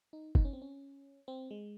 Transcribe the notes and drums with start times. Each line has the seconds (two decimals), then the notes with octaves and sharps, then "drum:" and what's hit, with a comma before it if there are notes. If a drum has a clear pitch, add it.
0.13 D#4
0.35 D#4, drum: kick
0.45 C#4
0.53 C4
0.62 C#4
1.28 C4
1.51 G#3